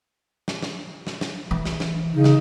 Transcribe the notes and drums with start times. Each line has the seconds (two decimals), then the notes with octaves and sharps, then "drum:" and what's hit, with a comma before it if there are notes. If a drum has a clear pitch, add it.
0.48 drum: snare
0.63 drum: snare
1.07 drum: snare
1.21 drum: snare
1.51 E3
1.65 drum: snare
1.80 drum: snare
2.14 C#3 D#4
2.24 drum: snare